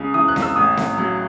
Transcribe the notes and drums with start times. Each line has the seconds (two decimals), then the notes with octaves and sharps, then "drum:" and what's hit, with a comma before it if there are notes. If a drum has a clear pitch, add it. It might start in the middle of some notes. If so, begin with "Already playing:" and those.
Already playing: C#2 C#3 D#6
0.14 E3 D#6
0.28 F#6
0.36 C#2, drum: snare C4
0.42 E6
0.56 A1 D#6
0.77 A2, drum: snare C4
0.98 F#3